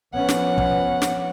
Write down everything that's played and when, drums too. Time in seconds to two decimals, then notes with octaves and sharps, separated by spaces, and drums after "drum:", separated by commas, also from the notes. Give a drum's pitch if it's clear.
0.14 F3 B3 C#4 F#5
0.29 drum: snare
0.58 drum: kick
1.02 drum: snare